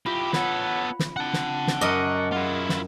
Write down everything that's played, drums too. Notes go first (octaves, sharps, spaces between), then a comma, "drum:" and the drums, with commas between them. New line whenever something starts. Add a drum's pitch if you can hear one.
E4 F4 G4 B5
B3 A4 B4 C#5 F#5, drum: snare
drum: snare
C4 D4 F#5 A5
drum: snare
drum: snare
F#2 F#3 D#5 C#6 D6
E4 F4 G#4 A#4 F#5
drum: snare